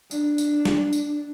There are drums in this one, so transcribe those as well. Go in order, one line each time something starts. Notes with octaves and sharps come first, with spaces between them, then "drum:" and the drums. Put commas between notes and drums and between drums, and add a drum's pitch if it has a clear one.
D4, drum: tambourine
drum: tambourine
drum: snare
drum: tambourine